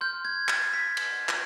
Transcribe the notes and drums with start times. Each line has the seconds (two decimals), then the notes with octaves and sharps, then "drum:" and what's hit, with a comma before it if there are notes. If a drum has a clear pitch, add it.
0.01 C6 F6 G6
0.25 G#6
0.48 A6, drum: clap
0.74 B6
0.97 drum: cymbal
1.29 drum: clap